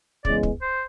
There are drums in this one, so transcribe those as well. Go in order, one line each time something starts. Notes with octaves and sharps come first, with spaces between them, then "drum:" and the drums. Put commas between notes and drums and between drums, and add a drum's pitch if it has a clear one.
C#3 E3 G#3 B3 D5, drum: kick
drum: kick
C5